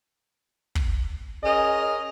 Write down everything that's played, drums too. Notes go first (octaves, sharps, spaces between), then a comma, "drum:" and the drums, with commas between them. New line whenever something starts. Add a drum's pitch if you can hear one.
drum: kick
C#4 G#4 A#4 D#5